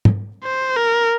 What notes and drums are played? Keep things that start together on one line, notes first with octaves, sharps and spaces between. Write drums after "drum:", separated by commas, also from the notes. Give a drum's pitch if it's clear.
drum: tom
C5
A#4